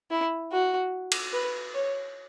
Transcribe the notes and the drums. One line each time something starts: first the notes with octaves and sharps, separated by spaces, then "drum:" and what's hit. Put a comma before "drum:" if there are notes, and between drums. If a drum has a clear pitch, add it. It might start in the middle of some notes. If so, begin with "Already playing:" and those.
E4
F#4
drum: cymbal
B4
C#5